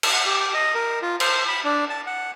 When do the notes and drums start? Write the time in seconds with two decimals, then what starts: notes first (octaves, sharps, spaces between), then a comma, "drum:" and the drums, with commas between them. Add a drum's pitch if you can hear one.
0.03 drum: cymbal
0.13 F#5
0.26 G4
0.54 D#5
0.75 A#4
1.02 F4
1.20 C5, drum: cymbal
1.48 B5
1.64 D4
1.90 A5
2.07 F#5